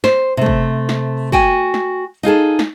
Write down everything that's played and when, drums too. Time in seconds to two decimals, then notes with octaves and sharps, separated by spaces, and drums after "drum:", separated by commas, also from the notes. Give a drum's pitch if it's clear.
0.04 C5, drum: snare
0.37 C3 A3
0.46 drum: kick
0.89 drum: snare
1.32 F#4 G5 G#5, drum: kick
1.74 drum: snare
2.23 D#4 F4 G#4 A4
2.59 drum: snare